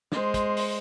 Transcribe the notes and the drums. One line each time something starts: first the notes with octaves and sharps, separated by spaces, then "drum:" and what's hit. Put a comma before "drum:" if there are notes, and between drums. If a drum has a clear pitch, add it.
G#3 C5, drum: snare
drum: kick, hi-hat
drum: open hi-hat